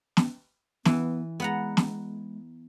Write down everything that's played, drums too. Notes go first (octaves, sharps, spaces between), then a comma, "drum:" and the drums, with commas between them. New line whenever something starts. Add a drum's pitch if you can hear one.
drum: snare
E3 B3, drum: snare
G#3 B3 F#5 A#5
drum: snare